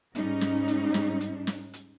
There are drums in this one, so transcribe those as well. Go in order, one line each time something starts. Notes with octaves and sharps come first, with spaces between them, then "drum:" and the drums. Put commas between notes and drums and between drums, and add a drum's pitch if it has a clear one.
G#2 G3 C#4 D#4, drum: hi-hat
drum: snare
drum: hi-hat
drum: snare
drum: hi-hat
drum: snare
drum: hi-hat